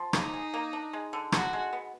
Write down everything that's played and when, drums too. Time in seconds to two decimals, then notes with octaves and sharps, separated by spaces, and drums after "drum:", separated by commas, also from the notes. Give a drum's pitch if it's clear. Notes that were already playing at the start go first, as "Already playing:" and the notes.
Already playing: F3
0.13 A#3 D#4, drum: rim click
0.34 G#4
0.54 A#3
0.73 D4
0.93 G#3
1.13 D3
1.32 D3 F#4, drum: rim click
1.53 G#3
1.73 B3